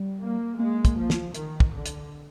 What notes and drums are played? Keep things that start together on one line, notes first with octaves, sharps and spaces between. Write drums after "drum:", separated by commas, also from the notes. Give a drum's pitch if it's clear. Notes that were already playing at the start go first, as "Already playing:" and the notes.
Already playing: G3
A#3
G#3 A#3
drum: kick, hi-hat
F3
drum: snare
D#3, drum: hi-hat
drum: kick
D3
drum: hi-hat